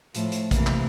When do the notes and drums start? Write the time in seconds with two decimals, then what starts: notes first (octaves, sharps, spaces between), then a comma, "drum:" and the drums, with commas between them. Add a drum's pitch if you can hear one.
0.15 A2 F3, drum: hi-hat
0.32 drum: hi-hat
0.51 C3 E3 A#3, drum: kick, hi-hat
0.67 drum: clap